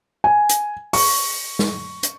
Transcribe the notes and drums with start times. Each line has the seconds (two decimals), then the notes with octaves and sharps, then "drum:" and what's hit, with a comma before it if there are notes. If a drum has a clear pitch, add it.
0.24 G#5
0.49 drum: hi-hat
0.93 C#6, drum: open hi-hat
1.59 drum: snare
2.03 drum: hi-hat